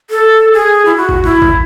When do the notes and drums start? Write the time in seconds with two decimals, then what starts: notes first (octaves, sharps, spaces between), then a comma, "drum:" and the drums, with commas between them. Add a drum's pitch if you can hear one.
0.10 A4
0.53 G#4
0.85 E4
0.96 F#4
1.09 drum: kick A1
1.24 E4, drum: tom G2
1.42 drum: kick A1